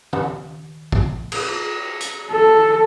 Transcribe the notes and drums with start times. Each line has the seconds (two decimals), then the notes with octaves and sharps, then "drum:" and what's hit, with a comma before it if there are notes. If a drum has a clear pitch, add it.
0.13 drum: tom
0.92 drum: kick
1.32 drum: cymbal
2.01 drum: hi-hat
2.32 A4